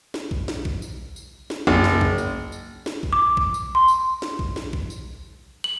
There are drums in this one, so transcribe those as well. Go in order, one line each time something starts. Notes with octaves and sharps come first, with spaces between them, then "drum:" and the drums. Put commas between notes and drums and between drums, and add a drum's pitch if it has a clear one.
drum: snare
drum: kick A#1
drum: snare
drum: kick A#1
drum: tambourine
drum: tambourine
drum: snare
F#1, drum: kick A#1
drum: snare
drum: kick A#1
drum: tambourine
drum: tambourine
drum: snare
drum: kick A#1
D6
drum: kick A#1
drum: tambourine
C6
drum: tambourine
drum: snare
drum: kick A#1
drum: snare
drum: kick A#1
drum: tambourine
F#7